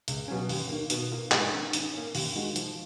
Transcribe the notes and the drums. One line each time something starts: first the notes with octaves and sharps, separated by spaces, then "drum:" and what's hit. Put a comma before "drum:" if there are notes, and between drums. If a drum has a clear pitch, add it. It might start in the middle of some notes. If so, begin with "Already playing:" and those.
C#2, drum: hi-hat
B2 F#3 C#4
D#2, drum: open hi-hat
D#3 A#3
B2, drum: hi-hat
A#3 F4 A#4
G#2, drum: clap
D#3 A#3 C#4
D#3, drum: hi-hat
A#3 C#4
D#2, drum: open hi-hat
D#3 G#3 D#4 F#4
F3, drum: hi-hat